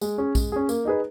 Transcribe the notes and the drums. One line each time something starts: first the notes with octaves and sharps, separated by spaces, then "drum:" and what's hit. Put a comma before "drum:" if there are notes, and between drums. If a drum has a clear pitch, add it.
G#3, drum: tambourine
C#4 G#4
G#3, drum: kick A#1, tambourine
C#4 G#4
A#3, drum: tambourine
D#4 G#4 B4